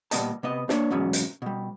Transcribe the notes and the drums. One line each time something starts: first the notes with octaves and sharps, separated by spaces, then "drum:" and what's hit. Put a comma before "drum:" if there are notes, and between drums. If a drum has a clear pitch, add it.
A#2 G3 A#3 B3 D#5 A5, drum: hi-hat
C3 B3 D#5
A#3 D4 C#5, drum: snare
E2 G#2 B2 F#3 C#4
drum: hi-hat
B2 G3